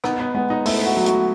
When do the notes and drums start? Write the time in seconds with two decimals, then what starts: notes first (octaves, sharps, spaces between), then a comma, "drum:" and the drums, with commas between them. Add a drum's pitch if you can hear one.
0.04 B3 D#4, drum: rim click
0.20 B3
0.35 G#3 B3
0.50 D#4
0.66 A3 E4, drum: open hi-hat
0.86 F#4
0.97 F#3
1.06 F#4, drum: hi-hat